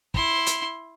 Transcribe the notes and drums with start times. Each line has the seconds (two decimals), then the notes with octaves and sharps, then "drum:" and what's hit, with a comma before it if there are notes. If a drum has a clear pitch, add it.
0.14 E4 C6, drum: kick
0.46 drum: hi-hat